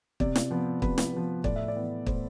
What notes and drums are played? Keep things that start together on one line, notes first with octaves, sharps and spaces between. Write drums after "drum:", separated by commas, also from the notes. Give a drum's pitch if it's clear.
C3 D5, drum: kick
drum: snare
F3 B3
C3 B4, drum: kick
drum: snare
F3 B3
A2 D5, drum: kick
E5
D5
E3 B3
A2 C5, drum: kick